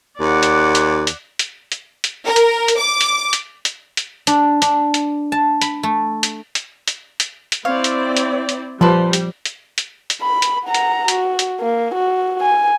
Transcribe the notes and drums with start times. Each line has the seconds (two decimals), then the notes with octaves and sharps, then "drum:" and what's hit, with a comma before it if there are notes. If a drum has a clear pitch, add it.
0.20 D#2 D5 F#5
0.43 drum: hi-hat
0.75 drum: hi-hat
1.07 drum: hi-hat
1.39 drum: hi-hat
1.72 drum: hi-hat
2.04 drum: hi-hat
2.26 A#4
2.36 drum: hi-hat
2.68 drum: hi-hat
2.78 D6
3.01 drum: hi-hat
3.33 drum: hi-hat
3.65 drum: hi-hat
3.97 drum: hi-hat
4.27 D4, drum: hi-hat
4.62 D4, drum: hi-hat
4.94 drum: hi-hat
5.32 A5
5.61 B5, drum: hi-hat
5.83 A3
6.23 drum: hi-hat
6.55 drum: hi-hat
6.88 drum: hi-hat
7.20 drum: hi-hat
7.52 drum: hi-hat
7.65 C4 E4 C#5 D5 F5
7.84 drum: hi-hat
8.17 drum: hi-hat
8.49 drum: hi-hat
8.81 F3 G3 B4 A5 C6
9.13 drum: hi-hat
9.45 drum: hi-hat
9.78 drum: hi-hat
10.10 drum: hi-hat
10.21 B5
10.42 drum: hi-hat
10.65 F#5 A#5
10.74 drum: hi-hat
11.08 F#4, drum: hi-hat
11.39 drum: hi-hat
11.61 A#3
11.95 F#4
12.41 G#5